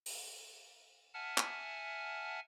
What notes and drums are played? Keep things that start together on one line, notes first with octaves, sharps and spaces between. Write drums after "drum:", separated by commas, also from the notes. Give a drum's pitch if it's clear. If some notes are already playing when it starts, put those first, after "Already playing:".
drum: open hi-hat
E5 F#5 G#5 A5 F6
drum: clap